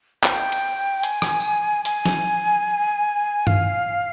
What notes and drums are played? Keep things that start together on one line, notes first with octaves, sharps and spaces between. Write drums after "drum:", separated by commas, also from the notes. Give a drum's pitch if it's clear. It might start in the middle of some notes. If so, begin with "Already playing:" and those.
G5, drum: clap
drum: cymbal
G#5, drum: hi-hat
drum: rim click
drum: tambourine
G#5, drum: hi-hat
drum: snare
F5, drum: tom G2